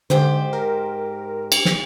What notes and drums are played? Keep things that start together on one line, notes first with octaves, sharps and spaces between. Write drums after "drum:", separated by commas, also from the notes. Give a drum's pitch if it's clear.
G#2 D3 G4 C5
A#4
drum: cymbal
drum: snare